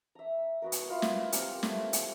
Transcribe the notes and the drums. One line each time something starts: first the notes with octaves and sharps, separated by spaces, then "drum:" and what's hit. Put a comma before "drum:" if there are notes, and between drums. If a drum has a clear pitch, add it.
E5 A#5
B3 F#4 A#4
drum: hi-hat
E4 F4 B4 F5
drum: snare
C4 G4 A#4, drum: hi-hat
A3, drum: snare
drum: hi-hat